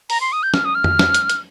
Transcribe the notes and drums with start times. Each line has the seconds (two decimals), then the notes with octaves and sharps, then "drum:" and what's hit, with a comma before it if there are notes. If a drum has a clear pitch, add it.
0.10 A#5, drum: open hi-hat
0.21 C6
0.32 D#6
0.43 G6
0.54 F6, drum: snare
0.65 D#6
0.75 F6
0.84 drum: tom F2
0.99 drum: snare
1.14 drum: hi-hat
1.30 drum: hi-hat